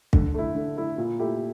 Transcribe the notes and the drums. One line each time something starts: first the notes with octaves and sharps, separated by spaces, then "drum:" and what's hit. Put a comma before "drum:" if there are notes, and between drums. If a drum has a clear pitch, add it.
D3, drum: kick
A3 E4
D3
A3 E4
A#2
A3 E4 G4